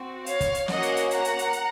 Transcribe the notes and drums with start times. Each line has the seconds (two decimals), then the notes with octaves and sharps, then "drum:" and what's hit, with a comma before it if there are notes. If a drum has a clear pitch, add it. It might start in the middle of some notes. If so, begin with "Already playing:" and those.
Already playing: C4 F#4
0.26 C#5 F5, drum: hi-hat
0.41 drum: kick, hi-hat
0.55 drum: hi-hat
0.68 A#3 C#4 F#4 D#5 F#5, drum: snare
0.83 drum: hi-hat
0.97 drum: hi-hat
1.11 F#5 A#5, drum: hi-hat
1.25 drum: hi-hat
1.39 drum: hi-hat
1.53 drum: hi-hat